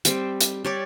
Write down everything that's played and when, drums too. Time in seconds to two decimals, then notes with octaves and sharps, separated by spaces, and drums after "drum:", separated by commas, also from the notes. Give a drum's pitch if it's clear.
0.05 G3 C4, drum: hi-hat
0.41 drum: hi-hat
0.64 G3 C#5 D5